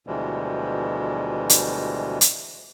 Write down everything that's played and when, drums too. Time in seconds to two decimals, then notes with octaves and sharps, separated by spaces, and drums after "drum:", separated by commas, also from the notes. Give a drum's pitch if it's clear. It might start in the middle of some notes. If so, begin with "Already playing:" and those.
0.07 D2 B2 E3 F3 G3 G#3
1.50 drum: hi-hat
2.21 drum: hi-hat